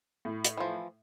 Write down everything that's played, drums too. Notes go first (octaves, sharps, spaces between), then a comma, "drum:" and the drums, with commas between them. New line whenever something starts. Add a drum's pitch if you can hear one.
A2
drum: hi-hat
E3 F3